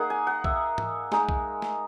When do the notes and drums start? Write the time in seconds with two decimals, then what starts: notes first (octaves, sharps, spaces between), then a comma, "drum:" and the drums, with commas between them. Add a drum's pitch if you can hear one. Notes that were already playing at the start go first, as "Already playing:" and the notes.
Already playing: A#3 D#4 G#4 F#5
0.10 G#5
0.27 F#5
0.44 E5, drum: kick B1
0.78 drum: tom G#2
1.12 G#3 D#4, drum: snare A3
1.29 drum: kick B1
1.62 drum: snare A3